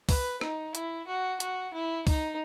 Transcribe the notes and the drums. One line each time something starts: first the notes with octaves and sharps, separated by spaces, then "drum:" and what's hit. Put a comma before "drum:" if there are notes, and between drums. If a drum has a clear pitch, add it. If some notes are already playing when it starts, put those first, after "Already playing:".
B4, drum: kick C#2, open hi-hat
D#4, drum: rim click
E4, drum: hi-hat
F#4
F#4, drum: hi-hat
E4
D#4, drum: kick C#2, open hi-hat